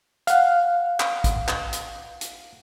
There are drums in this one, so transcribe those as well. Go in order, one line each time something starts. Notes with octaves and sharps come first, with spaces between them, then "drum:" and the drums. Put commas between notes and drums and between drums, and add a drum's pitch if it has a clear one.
F5 F#5, drum: hi-hat
drum: clap
drum: kick, hi-hat
drum: clap
drum: hi-hat
drum: hi-hat